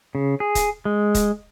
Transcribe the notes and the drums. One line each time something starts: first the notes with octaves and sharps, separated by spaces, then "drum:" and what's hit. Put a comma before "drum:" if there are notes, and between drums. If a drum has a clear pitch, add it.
C#3
G#4
drum: kick D#1, hi-hat
G#3
drum: kick D#1, hi-hat